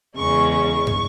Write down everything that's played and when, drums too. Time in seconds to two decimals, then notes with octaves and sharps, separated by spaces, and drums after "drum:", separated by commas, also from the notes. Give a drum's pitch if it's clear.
0.16 E2 C#3 G#3 C#6
0.54 C#6
0.87 drum: tom